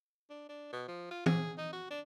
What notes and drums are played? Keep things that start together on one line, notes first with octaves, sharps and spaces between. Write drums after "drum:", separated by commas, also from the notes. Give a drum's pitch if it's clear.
D4
D4
B2
F3
F4
G#4, drum: tom E3
D#4
F#4
D4